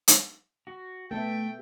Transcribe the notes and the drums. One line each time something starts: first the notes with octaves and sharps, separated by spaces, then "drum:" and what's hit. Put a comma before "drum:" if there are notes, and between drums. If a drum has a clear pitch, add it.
drum: hi-hat
F#4
A3 B3 A4 E5 G5